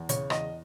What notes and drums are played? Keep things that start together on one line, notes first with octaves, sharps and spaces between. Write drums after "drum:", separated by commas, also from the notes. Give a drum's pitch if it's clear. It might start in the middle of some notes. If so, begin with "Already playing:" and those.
Already playing: E2
C#3 C#5, drum: hi-hat
E2 D#5, drum: rim click